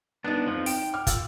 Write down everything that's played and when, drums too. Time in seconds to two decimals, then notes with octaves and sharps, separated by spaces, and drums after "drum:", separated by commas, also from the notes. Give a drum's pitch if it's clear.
0.24 B3 D4 D#4 D#6
0.47 F2 F3
0.66 G5, drum: open hi-hat
0.93 F#5 D6 F6
1.07 F4 E6 A6, drum: kick, hi-hat